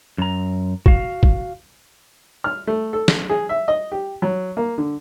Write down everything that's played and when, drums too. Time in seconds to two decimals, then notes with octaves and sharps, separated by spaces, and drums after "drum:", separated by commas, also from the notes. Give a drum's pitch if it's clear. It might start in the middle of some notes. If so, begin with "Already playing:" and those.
0.18 F#2 A#5
0.86 F#4 F5, drum: kick
1.23 drum: kick
2.44 F6
2.67 A3
2.93 A4
3.08 drum: snare
3.30 G#4
3.49 E5
3.68 D#5
3.92 G4
4.22 F#3
4.57 A#3
4.78 D3